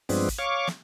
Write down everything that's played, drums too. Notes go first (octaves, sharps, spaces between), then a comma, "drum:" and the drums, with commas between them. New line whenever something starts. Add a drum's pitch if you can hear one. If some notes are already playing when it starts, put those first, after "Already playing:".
G2 F3 G#3 B3 C4 D4, drum: open hi-hat
drum: kick, hi-hat
C#5 F5 C#6 D6
drum: snare